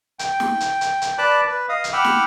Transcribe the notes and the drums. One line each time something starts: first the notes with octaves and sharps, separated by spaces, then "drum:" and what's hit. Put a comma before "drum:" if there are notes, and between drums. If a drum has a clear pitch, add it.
G5, drum: hi-hat
drum: snare
drum: hi-hat
drum: hi-hat
drum: hi-hat
B4 D5 A5 B5 D6 F#6
B4
D#5 F5 D#6
drum: hi-hat
F#5 G5 B5 D6 E6 F6
drum: snare